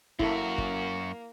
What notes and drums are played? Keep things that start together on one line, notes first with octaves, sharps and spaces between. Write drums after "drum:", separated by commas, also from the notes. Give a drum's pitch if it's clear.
F#2 A#3 E4 F#4 A4, drum: kick
drum: kick